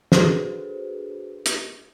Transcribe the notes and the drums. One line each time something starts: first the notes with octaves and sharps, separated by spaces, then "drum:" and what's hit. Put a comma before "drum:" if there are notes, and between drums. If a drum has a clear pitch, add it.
D4 F#4 G#4 A4 B4 C5, drum: snare
drum: hi-hat